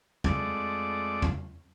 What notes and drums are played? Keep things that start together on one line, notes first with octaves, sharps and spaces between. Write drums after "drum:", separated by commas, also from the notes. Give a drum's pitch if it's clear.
F2 G#3 A3 D5, drum: tom F2
drum: tom F2